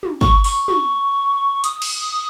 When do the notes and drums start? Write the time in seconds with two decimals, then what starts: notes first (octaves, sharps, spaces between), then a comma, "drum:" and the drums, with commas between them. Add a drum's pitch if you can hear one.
0.03 drum: tom
0.21 C#6, drum: kick
0.44 C#6, drum: open hi-hat
0.68 C#6, drum: tom
1.64 D#6, drum: hi-hat
1.82 drum: cymbal